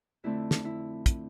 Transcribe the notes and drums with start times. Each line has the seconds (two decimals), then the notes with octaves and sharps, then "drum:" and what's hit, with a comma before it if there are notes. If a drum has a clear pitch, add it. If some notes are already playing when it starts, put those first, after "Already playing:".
0.24 F2 D3 A3 C4 E4
0.51 drum: snare
0.65 E4
1.06 drum: kick, hi-hat